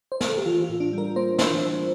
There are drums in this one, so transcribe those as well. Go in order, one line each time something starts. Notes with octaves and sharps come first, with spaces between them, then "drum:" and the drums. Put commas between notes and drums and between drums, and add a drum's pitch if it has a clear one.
C5
A#4, drum: snare
A4
G4
E3 F4
F4
A2
D4
G3 A#4
A#3 C5
E3 C5, drum: snare